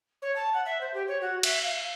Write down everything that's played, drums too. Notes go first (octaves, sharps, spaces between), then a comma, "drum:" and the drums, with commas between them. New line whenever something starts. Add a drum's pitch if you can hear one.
C#5
A5
F#5
E5
C5
G4
C#5
F#4
E5, drum: cymbal
F5